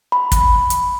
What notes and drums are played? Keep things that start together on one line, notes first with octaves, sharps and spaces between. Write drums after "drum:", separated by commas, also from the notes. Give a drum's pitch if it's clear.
B5
drum: kick, hi-hat
drum: hi-hat